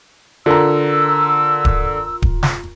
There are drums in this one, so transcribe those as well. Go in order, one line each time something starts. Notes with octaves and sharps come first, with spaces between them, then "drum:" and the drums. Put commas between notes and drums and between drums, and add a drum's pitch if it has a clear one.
D3 F4 A#4 A#5 E6
drum: kick D1
drum: kick D1
drum: snare